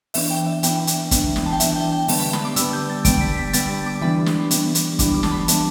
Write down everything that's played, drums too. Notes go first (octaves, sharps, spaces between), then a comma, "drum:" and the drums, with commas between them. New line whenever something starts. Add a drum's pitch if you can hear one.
E3 B3 D4 E5, drum: open hi-hat
G5
E5
E3 B3 D4 G5, drum: hi-hat
drum: hi-hat
E3 B3 D4, drum: kick, hi-hat
drum: snare
A5
G5
E3 B3 D4 E5, drum: hi-hat
G5
G5
D3 G3 B3 A5, drum: open hi-hat
B5
B5, drum: snare
D6
D3 G3 B3 E6, drum: hi-hat
G6
A6
D3 G3 B3 D7, drum: kick, hi-hat
B6
B6
D3 G3 B3 A6, drum: hi-hat
A6
D6
E3 G3 B3 D4 B5
drum: snare
E3 G3 B3 D4, drum: hi-hat
drum: hi-hat
E3 G3 B3 D4 D6, drum: kick, hi-hat
D6
A5, drum: snare
B5
E3 G3 B3 D4, drum: hi-hat